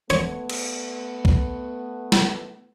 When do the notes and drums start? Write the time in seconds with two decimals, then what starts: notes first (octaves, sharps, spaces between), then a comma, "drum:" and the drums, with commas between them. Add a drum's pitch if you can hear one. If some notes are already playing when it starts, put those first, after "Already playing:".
0.10 A3 B3 C#5, drum: hi-hat
0.49 drum: cymbal
1.25 drum: kick B1
2.12 drum: snare